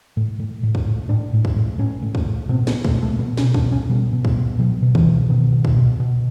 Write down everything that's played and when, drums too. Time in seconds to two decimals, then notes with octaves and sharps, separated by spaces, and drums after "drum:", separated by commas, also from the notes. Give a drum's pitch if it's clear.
0.17 A2
0.40 A2
0.63 A2
0.75 drum: kick
0.87 A2
1.09 A2 D4
1.34 A2
1.45 drum: kick
1.56 A2
1.79 A2 C#4
2.02 A2
2.15 drum: kick
2.26 A2
2.49 B2 C4
2.67 B3, drum: snare
2.72 B2
2.85 A3, drum: kick
2.96 B2
3.02 A3
3.19 B2 B3
3.37 C#4, drum: snare
3.44 B2
3.54 D4, drum: kick
3.66 B2
3.72 C#4
3.90 B2 G3
4.13 B2
4.25 drum: kick
4.36 B2
4.59 B2 F#3
4.83 B2
4.95 E3, drum: kick
5.06 B2
5.30 B2 D#3
5.52 B2
5.65 drum: kick
5.76 B2
6.00 B2